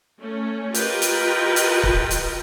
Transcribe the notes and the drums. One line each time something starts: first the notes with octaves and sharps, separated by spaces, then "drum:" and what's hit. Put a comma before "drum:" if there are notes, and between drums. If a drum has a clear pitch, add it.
A3 C#4
F4 G4 A#4 B4 D#5 G5, drum: hi-hat
drum: hi-hat
drum: hi-hat
drum: kick
drum: hi-hat